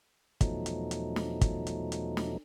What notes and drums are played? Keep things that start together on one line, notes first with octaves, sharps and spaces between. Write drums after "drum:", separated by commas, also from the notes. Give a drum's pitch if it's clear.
E2 B2 F3 F#3 A3 D#4, drum: kick, hi-hat
drum: hi-hat
drum: hi-hat
drum: snare
drum: kick, hi-hat
drum: hi-hat
drum: hi-hat
drum: snare